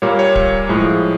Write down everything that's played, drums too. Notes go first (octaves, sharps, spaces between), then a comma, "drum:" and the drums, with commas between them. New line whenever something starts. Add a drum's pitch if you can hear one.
A#2 G3 A#3 C#5
C#5
drum: kick D1
A2 F3 G#3